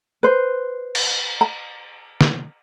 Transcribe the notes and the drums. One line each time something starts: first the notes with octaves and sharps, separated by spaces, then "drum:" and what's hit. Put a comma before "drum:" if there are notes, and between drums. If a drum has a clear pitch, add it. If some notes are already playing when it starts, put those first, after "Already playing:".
B4 C5
drum: cymbal
A#5
drum: snare